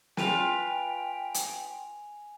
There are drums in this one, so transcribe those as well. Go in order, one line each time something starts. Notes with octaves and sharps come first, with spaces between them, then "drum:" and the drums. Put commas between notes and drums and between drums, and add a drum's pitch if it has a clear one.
F4 B4 G5 G#5 D#7 F7, drum: snare
drum: hi-hat